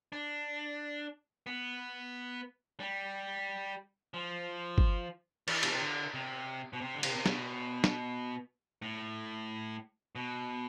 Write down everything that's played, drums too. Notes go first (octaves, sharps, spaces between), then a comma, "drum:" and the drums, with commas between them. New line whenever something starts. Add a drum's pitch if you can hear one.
D4
B3
G3
F3
drum: kick
E3, drum: cymbal
B2, drum: cymbal
C3
D3
C3
B2
C3
D3
C3, drum: cymbal
C3
B2, drum: snare
drum: snare
A2
B2